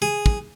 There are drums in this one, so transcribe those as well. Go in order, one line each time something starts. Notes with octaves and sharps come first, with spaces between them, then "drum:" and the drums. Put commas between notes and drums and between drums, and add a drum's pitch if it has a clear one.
G#4
drum: kick